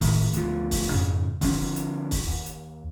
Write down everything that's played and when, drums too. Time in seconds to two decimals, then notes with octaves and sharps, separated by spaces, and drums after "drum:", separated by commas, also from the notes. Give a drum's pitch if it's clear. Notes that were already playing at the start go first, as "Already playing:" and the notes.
0.01 A2 D#3, drum: kick, open hi-hat
0.33 D2 F3, drum: hi-hat
0.71 drum: kick, open hi-hat
0.91 F2 G#2 C#3
1.41 D3 F3 C#4, drum: kick, open hi-hat
1.76 drum: hi-hat
2.11 drum: kick, open hi-hat
2.28 D#2
2.46 drum: hi-hat